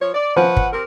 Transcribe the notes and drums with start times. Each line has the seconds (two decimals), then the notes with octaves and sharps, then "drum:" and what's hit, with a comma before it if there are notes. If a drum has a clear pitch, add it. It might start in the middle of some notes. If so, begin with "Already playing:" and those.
0.01 F3 C#5
0.14 D5
0.37 F3 B4 C#5 F#5
0.57 drum: kick
0.73 C4 G4 A#4